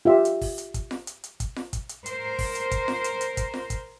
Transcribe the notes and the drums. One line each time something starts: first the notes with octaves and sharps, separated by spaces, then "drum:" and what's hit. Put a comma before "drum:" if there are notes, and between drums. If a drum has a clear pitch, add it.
F4 G4 E5
drum: hi-hat
drum: kick, open hi-hat
drum: hi-hat
drum: kick, hi-hat
drum: snare F4
drum: hi-hat
drum: hi-hat
drum: kick, hi-hat
drum: snare F4
drum: kick, hi-hat
drum: hi-hat
A#4 C5, drum: hi-hat
drum: kick, open hi-hat
drum: hi-hat
drum: kick, hi-hat
drum: snare F4
drum: hi-hat
drum: hi-hat
drum: kick, hi-hat
drum: snare F4
drum: kick, hi-hat